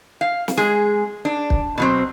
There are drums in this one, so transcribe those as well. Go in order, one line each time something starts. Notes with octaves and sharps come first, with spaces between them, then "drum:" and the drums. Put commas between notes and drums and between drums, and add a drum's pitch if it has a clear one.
F5
drum: snare
G#3 G#4
D4
drum: kick
B2 F#3 C4